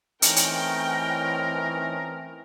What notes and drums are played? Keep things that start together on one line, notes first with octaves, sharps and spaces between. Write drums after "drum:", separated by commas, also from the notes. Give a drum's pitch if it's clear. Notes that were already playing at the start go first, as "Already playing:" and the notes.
E3 A3 C4 C#4 D#4 A#4 G5, drum: hi-hat
drum: hi-hat